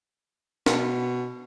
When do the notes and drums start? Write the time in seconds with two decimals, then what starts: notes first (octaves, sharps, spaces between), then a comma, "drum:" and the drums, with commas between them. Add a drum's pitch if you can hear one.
0.66 B2, drum: snare